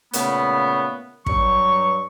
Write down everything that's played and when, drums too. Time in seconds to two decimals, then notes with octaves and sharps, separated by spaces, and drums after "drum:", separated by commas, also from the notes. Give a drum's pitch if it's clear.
0.13 A#2 C#3 A3 B3, drum: hi-hat
1.26 G2 F#3 C#6, drum: kick